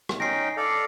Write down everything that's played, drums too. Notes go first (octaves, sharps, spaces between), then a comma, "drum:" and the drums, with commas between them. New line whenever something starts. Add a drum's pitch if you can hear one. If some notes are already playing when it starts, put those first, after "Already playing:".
drum: rim click
C#4 D#4 G5 A#6 C7
A4 D5 F5